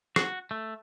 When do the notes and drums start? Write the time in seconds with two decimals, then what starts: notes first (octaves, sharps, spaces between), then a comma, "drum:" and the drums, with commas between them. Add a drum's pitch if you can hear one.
0.16 F#4, drum: rim click
0.51 A3